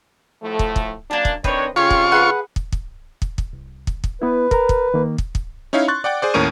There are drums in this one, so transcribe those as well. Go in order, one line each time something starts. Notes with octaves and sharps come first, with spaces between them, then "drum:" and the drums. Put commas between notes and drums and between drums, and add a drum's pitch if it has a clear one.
A2 F3 A3
drum: kick
drum: kick
F#2 A#3 D4 A5
drum: kick
D#3 C4 D4 B4 C#5 D#5, drum: kick
F2 C#3 F4 G4 C#5 C#6
drum: kick
G#4 B4 F#5
drum: kick
drum: kick
drum: kick
drum: kick
C2
drum: kick
drum: kick
B3 E4 B4
A#4 A#5, drum: kick
drum: kick
D#3 A#3
drum: kick
drum: kick
C#4 D#4 E4 C#5 F5
C6 C#6 F#6 A6
D5 F#5 G5 D6
G#4 C5 D5
D#2 A2 C#4 A#4 C#6 D#7